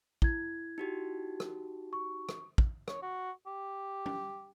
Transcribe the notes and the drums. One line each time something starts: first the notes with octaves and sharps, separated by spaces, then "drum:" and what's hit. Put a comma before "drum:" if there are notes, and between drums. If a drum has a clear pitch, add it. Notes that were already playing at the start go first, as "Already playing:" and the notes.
E4 G#6, drum: kick
D#4 F#4 G4
drum: rim click
C#6
drum: rim click
drum: kick
C#5, drum: rim click
F#4
G4
drum: tom